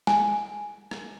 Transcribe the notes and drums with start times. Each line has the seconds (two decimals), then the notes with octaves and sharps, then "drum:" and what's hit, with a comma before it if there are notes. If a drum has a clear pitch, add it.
0.07 G#5, drum: snare G#3
0.91 drum: rim click